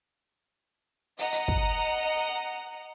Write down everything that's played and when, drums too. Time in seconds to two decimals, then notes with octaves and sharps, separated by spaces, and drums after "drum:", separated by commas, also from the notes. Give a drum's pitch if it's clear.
1.19 D#5 F#5 A#5, drum: hi-hat
1.32 drum: hi-hat
1.48 drum: kick